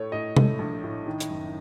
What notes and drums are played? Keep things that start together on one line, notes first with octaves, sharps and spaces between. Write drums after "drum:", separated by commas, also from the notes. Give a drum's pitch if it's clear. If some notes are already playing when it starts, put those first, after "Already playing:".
Already playing: A2 A3 C#5
A2 D#5
A3, drum: tom C3
A#1
A2
D#3
drum: hi-hat
F#1